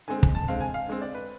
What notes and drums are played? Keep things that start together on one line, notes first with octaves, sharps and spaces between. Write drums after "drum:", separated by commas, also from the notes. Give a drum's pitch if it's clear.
D3 G#3 C4 G#5
drum: kick
A5
D3 G#3 C4 F5
G#5
F5
D3 G#3 C4
D5
B4